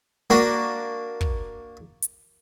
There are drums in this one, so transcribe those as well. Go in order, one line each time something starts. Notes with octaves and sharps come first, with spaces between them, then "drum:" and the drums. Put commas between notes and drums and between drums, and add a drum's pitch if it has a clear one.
A#3 D4 F#4
drum: kick
drum: hi-hat